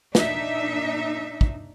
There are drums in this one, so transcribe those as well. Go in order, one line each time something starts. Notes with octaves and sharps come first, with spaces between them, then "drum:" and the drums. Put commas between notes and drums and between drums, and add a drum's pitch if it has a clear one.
A#2 D4 D#4 E5, drum: snare
drum: kick